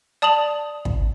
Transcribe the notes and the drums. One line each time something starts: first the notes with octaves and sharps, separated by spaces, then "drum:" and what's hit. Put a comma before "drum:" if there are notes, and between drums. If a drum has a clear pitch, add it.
D5 A5 D#6 F7 F#7
drum: kick